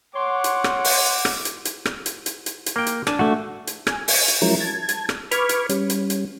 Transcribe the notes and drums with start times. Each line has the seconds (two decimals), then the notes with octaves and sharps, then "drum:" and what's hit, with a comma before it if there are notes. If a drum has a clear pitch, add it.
0.15 C#5 F#5 C6 D6
0.44 drum: hi-hat
0.64 drum: rim click
0.84 drum: open hi-hat
1.25 drum: rim click
1.45 drum: hi-hat
1.65 drum: hi-hat
1.85 drum: rim click
2.06 drum: hi-hat
2.26 drum: hi-hat
2.46 drum: hi-hat
2.66 drum: hi-hat
2.76 A#3 G5
2.87 drum: hi-hat
3.07 D4 G#5, drum: rim click
3.19 A3 F#4
3.67 drum: hi-hat
3.87 G#5, drum: rim click
4.08 drum: open hi-hat
4.28 drum: hi-hat
4.42 F3 F#3 G#3 C#4 E4 A#4
4.60 A5 G#6
4.89 drum: hi-hat
5.09 drum: rim click
5.31 B4 B5 C#6 D6 F6 G#6, drum: hi-hat
5.49 drum: hi-hat
5.69 G3 C#4, drum: hi-hat
5.90 drum: hi-hat
6.10 drum: hi-hat